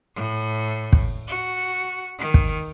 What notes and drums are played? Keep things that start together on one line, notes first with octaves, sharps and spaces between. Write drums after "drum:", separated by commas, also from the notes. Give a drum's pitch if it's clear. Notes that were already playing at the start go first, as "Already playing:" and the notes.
A2
drum: kick
F#4
D#3
drum: kick